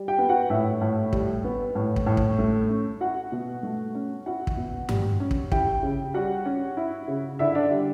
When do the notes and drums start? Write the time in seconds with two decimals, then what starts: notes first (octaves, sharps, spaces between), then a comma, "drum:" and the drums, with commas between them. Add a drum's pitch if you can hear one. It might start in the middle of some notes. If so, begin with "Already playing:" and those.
Already playing: G3
0.08 G4 G5
0.19 B3
0.29 F#4 F#5
0.50 A2 E4 E5
0.81 A2
1.13 G3, drum: kick
1.44 B3
1.75 A2
1.96 drum: kick
2.06 A2
2.17 drum: kick
2.39 A3
2.69 C#4
3.01 E4 F#4 F#5
3.32 B2
3.63 A3
3.95 C#4
4.26 E4 F#4 F#5
4.47 drum: kick
4.57 B2
4.89 G3, drum: tom G2
5.20 C#4
5.31 drum: kick
5.52 E4 G4 G5, drum: kick
5.83 C#3
6.14 G3 F#4 F#5
6.45 C#4
6.77 E4
7.08 C#3
7.39 D3 E4 E5
7.55 D4 D5
7.71 G3